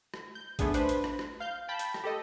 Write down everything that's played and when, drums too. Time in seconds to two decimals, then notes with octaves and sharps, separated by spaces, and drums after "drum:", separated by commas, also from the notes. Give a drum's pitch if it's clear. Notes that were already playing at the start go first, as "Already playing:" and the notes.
0.14 drum: rim click
0.35 G6
0.59 A3 B3 D4 G#4, drum: kick, hi-hat
0.74 D4 B4 C5, drum: hi-hat
0.89 drum: hi-hat
1.04 drum: rim click
1.19 drum: rim click
1.40 F5 G6
1.68 G5 A5 B5 G6 B6
1.79 drum: hi-hat
1.94 drum: rim click
2.04 G4 A4 D#5